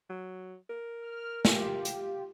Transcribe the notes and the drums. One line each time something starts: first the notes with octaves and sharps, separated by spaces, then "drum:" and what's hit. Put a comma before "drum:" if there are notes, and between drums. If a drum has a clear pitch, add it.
F#3
A#4
F6
F4 G4, drum: snare
drum: hi-hat